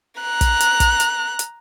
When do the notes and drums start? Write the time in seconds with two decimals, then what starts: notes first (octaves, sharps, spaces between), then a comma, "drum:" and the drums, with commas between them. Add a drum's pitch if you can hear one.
0.21 A#5 F#6
0.41 drum: kick, hi-hat
0.60 drum: hi-hat
0.80 drum: kick, hi-hat
1.00 drum: hi-hat
1.39 drum: hi-hat